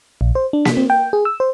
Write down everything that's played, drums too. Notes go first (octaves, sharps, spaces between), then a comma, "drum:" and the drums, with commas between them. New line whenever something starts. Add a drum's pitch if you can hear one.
A#1
C5
D4
B6, drum: snare A#3
C4
G5
G#4
E6
C5